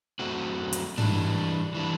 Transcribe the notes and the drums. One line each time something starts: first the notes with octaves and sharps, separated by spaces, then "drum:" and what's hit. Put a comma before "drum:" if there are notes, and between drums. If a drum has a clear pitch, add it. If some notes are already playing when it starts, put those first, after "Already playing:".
F#2 F#3 A3 C4 F#4
drum: hi-hat
E3 G3 D4, drum: tom
E3 G3 D4